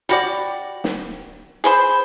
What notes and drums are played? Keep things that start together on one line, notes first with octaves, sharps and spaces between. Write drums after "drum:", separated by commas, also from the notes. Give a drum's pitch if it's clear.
G3 F#4 D5, drum: hi-hat
drum: snare
G#4 B4 C5